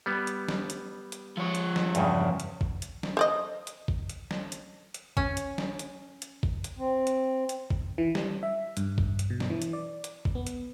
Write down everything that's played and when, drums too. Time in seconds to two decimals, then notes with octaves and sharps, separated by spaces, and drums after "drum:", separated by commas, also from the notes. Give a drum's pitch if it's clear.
0.06 G3 B3
0.27 drum: hi-hat
0.48 drum: snare
0.70 drum: hi-hat
1.12 drum: hi-hat
1.37 F3 C#5
1.55 drum: hi-hat
1.76 drum: snare
1.95 E2 G2 C#3, drum: hi-hat
2.40 drum: hi-hat
2.61 drum: kick G#1
2.82 drum: hi-hat
3.03 drum: snare
3.17 C5 D5 D#5
3.67 drum: hi-hat
3.88 drum: kick G#1
4.09 drum: hi-hat
4.31 drum: snare
4.52 drum: hi-hat
4.94 drum: hi-hat
5.17 C#4, drum: kick G#1
5.37 drum: hi-hat
5.58 drum: snare
5.79 drum: hi-hat
6.22 drum: hi-hat
6.43 drum: kick G#1
6.64 drum: hi-hat
6.79 C4
7.07 drum: hi-hat
7.49 drum: hi-hat
7.70 drum: kick G#1
7.98 E3
8.15 G3, drum: snare
8.43 E5
8.77 G2, drum: hi-hat
8.98 drum: kick G#1
9.19 drum: hi-hat
9.30 B2
9.40 drum: snare
9.50 E3
9.62 drum: hi-hat
9.73 D5
10.04 drum: hi-hat
10.25 drum: kick G#1
10.35 B3
10.47 drum: hi-hat